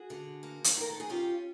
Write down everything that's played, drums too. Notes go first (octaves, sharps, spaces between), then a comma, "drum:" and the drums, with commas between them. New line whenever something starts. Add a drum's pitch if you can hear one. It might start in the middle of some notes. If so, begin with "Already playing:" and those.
Already playing: F#4 G#4
D3
A#3
drum: hi-hat
D#3 A#4
A4
G#4
C#4 F4 G4